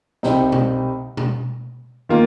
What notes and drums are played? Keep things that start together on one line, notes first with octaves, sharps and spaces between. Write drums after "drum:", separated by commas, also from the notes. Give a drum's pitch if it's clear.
C2 C3 G3 C4 D#4, drum: snare
drum: tom B2
drum: tom B2
D#3 A#3 F4